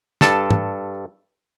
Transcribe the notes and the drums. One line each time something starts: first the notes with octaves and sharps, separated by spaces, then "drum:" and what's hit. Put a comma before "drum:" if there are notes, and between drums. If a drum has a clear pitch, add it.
G2 A4 A5, drum: snare
drum: tom